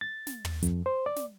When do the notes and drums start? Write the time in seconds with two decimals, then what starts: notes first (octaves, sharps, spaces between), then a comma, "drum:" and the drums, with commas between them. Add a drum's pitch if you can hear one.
0.01 A6
0.27 drum: snare
0.45 drum: tom
0.63 F2, drum: hi-hat
0.86 C5
1.06 D5
1.16 drum: snare